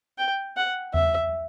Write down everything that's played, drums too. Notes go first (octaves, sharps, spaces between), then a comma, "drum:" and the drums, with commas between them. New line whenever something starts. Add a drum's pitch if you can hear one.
G5
F#5
E5, drum: tom E2